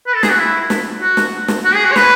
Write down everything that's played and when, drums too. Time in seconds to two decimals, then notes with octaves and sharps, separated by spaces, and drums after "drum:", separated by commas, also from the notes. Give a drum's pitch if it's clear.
0.07 B4
0.15 A4
0.23 G#4, drum: snare
0.31 F#4
0.39 E4
0.70 drum: snare
1.02 F#4
1.17 drum: snare
1.48 drum: snare
1.65 F#4
1.74 G#4
1.85 F#4
1.92 C#5
1.96 B4, drum: snare